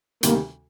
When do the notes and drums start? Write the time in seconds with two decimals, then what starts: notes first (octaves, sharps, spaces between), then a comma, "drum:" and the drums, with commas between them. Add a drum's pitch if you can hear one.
0.23 D2 C3 D#3 G3 A#3, drum: hi-hat